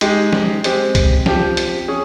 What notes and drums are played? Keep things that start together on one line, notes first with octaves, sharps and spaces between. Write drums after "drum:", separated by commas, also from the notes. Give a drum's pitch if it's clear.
G#3 D#4 G4, drum: hi-hat
drum: snare
G#3 C4 G4, drum: hi-hat
drum: kick C#2, hi-hat
F3 C4 G4, drum: snare
drum: hi-hat
C#4 G#4